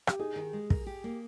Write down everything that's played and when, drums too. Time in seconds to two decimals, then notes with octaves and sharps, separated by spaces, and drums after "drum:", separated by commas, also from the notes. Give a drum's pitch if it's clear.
0.07 G4, drum: rim click
0.19 D#4 G#4
0.36 D#3
0.53 G#3
0.70 A#4, drum: kick
0.86 G4
1.04 A#3